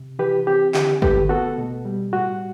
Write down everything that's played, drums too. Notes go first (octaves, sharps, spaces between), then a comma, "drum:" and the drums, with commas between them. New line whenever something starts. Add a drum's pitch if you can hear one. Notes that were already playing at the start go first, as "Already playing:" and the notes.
Already playing: C3
E3 G4 B4
C4 G4
D3 G4, drum: clap
A3 G4 B4, drum: kick
B3 F#4 A4
B2
G3
A2 F#4